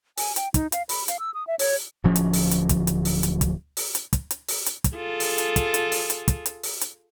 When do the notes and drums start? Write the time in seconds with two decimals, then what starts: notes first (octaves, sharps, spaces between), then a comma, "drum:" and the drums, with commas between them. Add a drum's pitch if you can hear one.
0.18 G#5, drum: open hi-hat
0.36 G5, drum: hi-hat
0.54 D#4, drum: kick, hi-hat
0.72 F5, drum: hi-hat
0.89 B5, drum: open hi-hat
1.08 F5, drum: hi-hat
1.19 E6
1.34 D#6
1.47 E5
1.59 C#5, drum: open hi-hat
2.04 D1 D2 F3 C#4
2.16 drum: hi-hat
2.33 drum: open hi-hat
2.51 drum: hi-hat
2.69 drum: kick, hi-hat
2.87 drum: hi-hat
3.05 drum: open hi-hat
3.23 drum: hi-hat
3.41 drum: kick, hi-hat
3.77 drum: open hi-hat
3.95 drum: hi-hat
4.13 drum: kick, hi-hat
4.31 drum: hi-hat
4.48 drum: open hi-hat
4.66 drum: hi-hat
4.84 drum: kick, hi-hat
4.96 F4 G#4 A4
5.20 drum: open hi-hat
5.38 drum: hi-hat
5.56 drum: kick, hi-hat
5.74 drum: hi-hat
5.92 drum: open hi-hat
6.10 drum: hi-hat
6.28 drum: kick, hi-hat
6.46 drum: hi-hat
6.63 drum: open hi-hat
6.81 drum: hi-hat